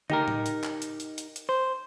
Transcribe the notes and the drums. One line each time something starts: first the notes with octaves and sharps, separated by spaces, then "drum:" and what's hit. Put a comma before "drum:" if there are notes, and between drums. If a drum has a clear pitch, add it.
D#4 G4 A#4, drum: tom
drum: tom A2
drum: hi-hat
drum: clap
drum: hi-hat
drum: hi-hat
drum: hi-hat
drum: hi-hat
C5